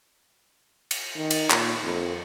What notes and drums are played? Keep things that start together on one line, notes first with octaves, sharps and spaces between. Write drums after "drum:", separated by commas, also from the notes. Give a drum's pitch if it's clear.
drum: cymbal
D#3
drum: cymbal
A#2, drum: clap
F2